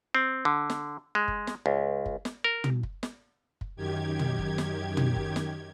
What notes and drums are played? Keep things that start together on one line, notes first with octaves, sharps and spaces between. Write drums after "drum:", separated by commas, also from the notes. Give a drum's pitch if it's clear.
C4
D3
drum: snare
G#3
drum: kick
drum: snare
C#2
drum: kick
drum: snare
A#4
drum: tom
drum: kick
drum: snare
drum: kick
F#2 D#3 G4 G#6
drum: tom
drum: kick
drum: snare
drum: tom
drum: kick
drum: snare